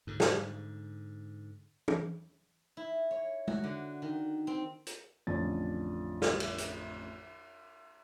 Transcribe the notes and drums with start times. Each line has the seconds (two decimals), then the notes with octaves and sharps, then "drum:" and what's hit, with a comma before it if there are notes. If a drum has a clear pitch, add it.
0.07 G#2 D3
0.20 drum: snare
1.88 drum: tom
2.77 E4
3.11 C#5
3.48 F#4, drum: tom G#3
3.64 D3
4.02 D#3
4.47 C4
4.86 drum: hi-hat
5.27 A1 F2 D3 C#4 D4 A6
6.22 drum: snare
6.40 drum: cymbal
6.58 drum: hi-hat